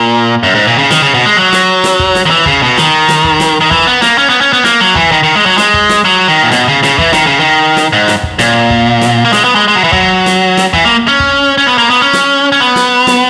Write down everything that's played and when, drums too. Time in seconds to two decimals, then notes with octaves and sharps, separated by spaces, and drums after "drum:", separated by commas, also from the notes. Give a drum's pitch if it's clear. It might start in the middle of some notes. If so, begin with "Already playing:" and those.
Already playing: A#2
0.43 F#2
0.55 G#2
0.67 A#2
0.78 C#3
0.91 D#3, drum: snare
1.02 C#3
1.14 B2
1.25 G#3
1.37 F#3
1.53 drum: snare
1.84 drum: snare
1.99 drum: kick
2.15 drum: snare
2.26 D#3
2.31 E3
2.46 C#3, drum: kick
2.62 B2
2.78 D#3, drum: snare
3.09 drum: snare
3.24 drum: kick
3.40 drum: snare
3.61 D#3
3.71 E3, drum: kick
3.87 B3
4.02 A#3, drum: snare
4.18 C#4
4.30 B3
4.41 C#4
4.53 B3
4.65 A#3, drum: snare
4.81 F#3
4.95 E3, drum: kick
5.12 D#3
5.23 D#3
5.36 G#3
5.46 F#3
5.58 G#3, drum: snare
5.74 drum: kick
5.89 drum: snare
6.05 F#3
6.28 D#3
6.43 A#2
6.51 B2, drum: snare
6.68 C#3
6.83 C#3, drum: snare
6.98 E3, drum: kick
7.13 D#3, drum: snare
7.26 C#3
7.40 D#3
7.77 drum: snare
7.93 G#2
8.08 drum: snare
8.23 drum: kick
8.39 A#2, drum: snare
8.70 drum: kick
9.01 drum: snare
9.25 A#3
9.33 G#3, drum: snare
9.44 B3
9.55 G#3
9.68 G#3
9.76 F#3
9.84 E3
9.92 F#3, drum: kick
10.26 drum: snare
10.57 drum: snare
10.73 E3, drum: kick
10.85 A#3
11.08 C#4
11.20 drum: kick
11.58 C#4
11.67 B3
11.78 A#3
11.90 B3
12.02 C#4
12.13 drum: snare
12.52 C#4
12.60 B3
12.76 drum: snare
13.07 drum: snare